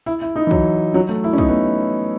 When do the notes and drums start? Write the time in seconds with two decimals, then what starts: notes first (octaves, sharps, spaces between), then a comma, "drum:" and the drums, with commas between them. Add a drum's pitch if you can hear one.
0.06 E4
0.22 E4
0.36 D#4
0.47 E3
0.51 F#3, drum: kick
0.94 F#3
1.09 A3
1.24 E4
1.33 C#4
1.38 D#4, drum: kick
1.48 B3